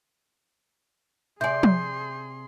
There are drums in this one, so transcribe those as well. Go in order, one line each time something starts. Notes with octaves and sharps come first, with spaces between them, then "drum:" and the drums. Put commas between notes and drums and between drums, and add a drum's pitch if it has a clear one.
C3 G#4 D5 E5 G#5 C6 G6
drum: tom F3